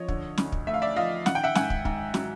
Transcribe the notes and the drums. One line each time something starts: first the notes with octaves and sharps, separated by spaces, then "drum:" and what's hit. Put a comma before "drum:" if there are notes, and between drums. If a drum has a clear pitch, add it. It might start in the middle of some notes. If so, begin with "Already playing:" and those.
Already playing: F3 C#5 D#5
D3, drum: kick
D2, drum: snare
drum: kick
A3 E5
F5
D5 E5
F3 D#5 F5
D#3 F#5, drum: snare
G5
E5 F#5
G#2 F#5 G#5, drum: snare
drum: kick
G#2, drum: kick
F#3, drum: snare